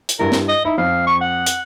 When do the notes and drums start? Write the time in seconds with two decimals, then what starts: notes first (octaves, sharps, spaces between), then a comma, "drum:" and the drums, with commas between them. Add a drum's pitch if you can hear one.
0.09 drum: hi-hat
0.19 G2 E4 A#4
0.32 drum: snare
0.48 D#5
0.65 D#4 E4
0.78 F2 F5
1.07 C#6
1.21 F#5
1.46 drum: hi-hat